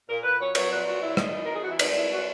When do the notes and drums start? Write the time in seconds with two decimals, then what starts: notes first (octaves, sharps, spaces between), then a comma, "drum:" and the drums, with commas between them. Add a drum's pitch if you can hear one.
0.08 A#2 A#4
0.23 A#2 B4
0.40 F#3 C#5
0.55 F#3 C#5, drum: cymbal
0.71 A#2 B4
0.86 F#3 F#4
1.02 A#2 E4
1.17 G#3 D#4, drum: rim click
1.33 E3
1.44 A#4
1.48 E3
1.53 G#4
1.62 E3 F#4
1.70 E4
1.79 G#2 D#4, drum: cymbal
1.95 G#3 E4
2.11 F#4